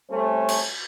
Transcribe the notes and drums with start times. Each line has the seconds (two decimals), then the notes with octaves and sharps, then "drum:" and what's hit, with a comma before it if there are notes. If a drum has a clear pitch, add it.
0.11 G3 A3 C4 C#4 A4 C5
0.49 drum: cymbal